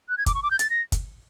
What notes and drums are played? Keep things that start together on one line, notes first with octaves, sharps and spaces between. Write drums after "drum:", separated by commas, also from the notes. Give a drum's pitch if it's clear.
F#6
G#6
D6, drum: kick, hi-hat
C#6
D6
G6
A6, drum: hi-hat
A#6
drum: kick, hi-hat